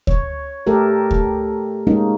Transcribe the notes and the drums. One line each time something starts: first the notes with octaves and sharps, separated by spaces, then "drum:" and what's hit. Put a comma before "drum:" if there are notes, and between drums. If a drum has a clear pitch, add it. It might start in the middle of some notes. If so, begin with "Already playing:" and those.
C#5, drum: kick D2
A3 G4 A4 A#4
drum: kick D2
G#3 A#3 C#4 D#4